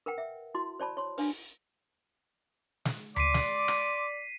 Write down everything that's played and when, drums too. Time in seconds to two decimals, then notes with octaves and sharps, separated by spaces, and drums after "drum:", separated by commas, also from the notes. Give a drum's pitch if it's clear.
0.06 A#4 B4 F#5 G5
0.18 E5
0.55 E4 F#4 C6
0.80 C5 D5 A5 B5
0.97 C#5 C6
1.18 D4 B4, drum: open hi-hat
2.85 drum: snare
3.16 D5 C6 D6 B6 C7 D#7, drum: tom D2
3.34 drum: snare
3.68 drum: rim click